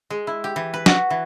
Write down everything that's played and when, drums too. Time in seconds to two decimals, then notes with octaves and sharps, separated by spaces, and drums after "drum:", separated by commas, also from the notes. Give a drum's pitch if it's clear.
0.10 G#3
0.27 E4
0.44 G4
0.56 E3
0.74 B4
0.86 F#4, drum: snare
1.10 E3